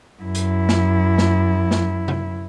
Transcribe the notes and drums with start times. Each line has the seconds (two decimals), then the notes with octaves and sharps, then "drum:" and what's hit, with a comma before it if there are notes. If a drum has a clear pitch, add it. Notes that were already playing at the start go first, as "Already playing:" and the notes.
0.23 F#2 E4
0.35 drum: hi-hat
0.69 drum: snare
1.18 drum: snare
1.71 drum: snare
2.08 drum: tom C3